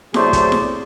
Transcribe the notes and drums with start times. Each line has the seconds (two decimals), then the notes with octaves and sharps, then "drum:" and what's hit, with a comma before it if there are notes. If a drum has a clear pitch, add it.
0.14 C3 F#3 A3 G#4 C5 D5, drum: snare E4
0.33 drum: kick, hi-hat
0.52 drum: snare E4